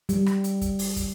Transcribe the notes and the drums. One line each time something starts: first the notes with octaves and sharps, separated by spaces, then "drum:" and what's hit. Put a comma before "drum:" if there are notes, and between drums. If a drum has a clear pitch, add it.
G3, drum: hi-hat
drum: rim click
drum: hi-hat
drum: kick, hi-hat
drum: open hi-hat
drum: kick, hi-hat